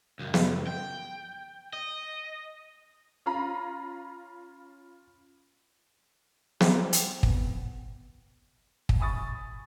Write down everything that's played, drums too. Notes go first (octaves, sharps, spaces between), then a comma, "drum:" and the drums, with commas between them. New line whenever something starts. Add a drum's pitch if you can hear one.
C#2 F#2
drum: snare
G5
D#5
C#4 F4 F5 A#5 B5
G3 C4 C5 G#5 A#5 D6, drum: snare
G5, drum: hi-hat
F2 B3, drum: kick
drum: kick
G#5 B5 C#6 D#6 A6